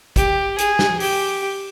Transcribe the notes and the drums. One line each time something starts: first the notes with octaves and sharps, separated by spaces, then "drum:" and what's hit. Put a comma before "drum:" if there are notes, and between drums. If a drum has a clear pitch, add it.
G4, drum: kick, hi-hat
G#4, drum: hi-hat
drum: snare
G4, drum: open hi-hat